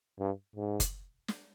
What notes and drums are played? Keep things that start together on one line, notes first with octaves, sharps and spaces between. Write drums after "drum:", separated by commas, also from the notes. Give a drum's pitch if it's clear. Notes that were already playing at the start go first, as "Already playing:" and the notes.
G2
G#2
drum: kick F#1, hi-hat
drum: snare